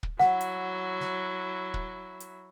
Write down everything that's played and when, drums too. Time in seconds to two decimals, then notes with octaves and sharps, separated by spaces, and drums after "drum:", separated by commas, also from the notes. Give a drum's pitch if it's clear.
0.03 drum: kick
0.19 F#3 E4 F#5, drum: snare
0.41 drum: hi-hat
1.00 drum: snare
1.74 drum: kick
2.20 drum: hi-hat